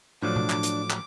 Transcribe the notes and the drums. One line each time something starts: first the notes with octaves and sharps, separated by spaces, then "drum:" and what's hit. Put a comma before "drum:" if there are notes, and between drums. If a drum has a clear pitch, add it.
A2 F3 F#3 D4 D6
drum: tom B2
drum: clap
drum: hi-hat
drum: clap